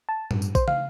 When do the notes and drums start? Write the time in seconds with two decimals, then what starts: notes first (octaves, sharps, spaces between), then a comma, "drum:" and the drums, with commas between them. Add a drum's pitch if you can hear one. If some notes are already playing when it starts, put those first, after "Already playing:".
0.09 A5
0.31 G2, drum: tom A2
0.42 drum: tambourine
0.55 C5, drum: kick A#1, tambourine
0.68 F5, drum: tom